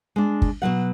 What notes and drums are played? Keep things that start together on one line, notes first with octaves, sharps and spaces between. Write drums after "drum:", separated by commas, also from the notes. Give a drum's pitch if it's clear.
G#3 D4
drum: kick
B2 E3 F#3 F#5